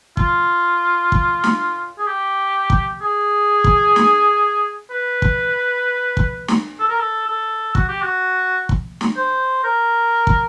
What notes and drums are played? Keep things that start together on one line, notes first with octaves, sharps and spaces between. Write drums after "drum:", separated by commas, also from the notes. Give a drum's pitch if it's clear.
F4, drum: kick
drum: kick
drum: snare
G#4
G4
drum: kick
G#4
drum: kick
drum: snare
B4
drum: kick
drum: kick
drum: snare
A4
A#4
A4
A4
F#4, drum: kick
G4
F#4
drum: kick
drum: snare
C5
A#4
drum: kick